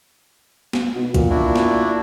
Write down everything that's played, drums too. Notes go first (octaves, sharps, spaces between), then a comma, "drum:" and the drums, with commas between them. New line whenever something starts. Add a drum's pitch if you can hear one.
drum: snare
B2
A#2, drum: kick, hi-hat
D4 E4 F#4
drum: snare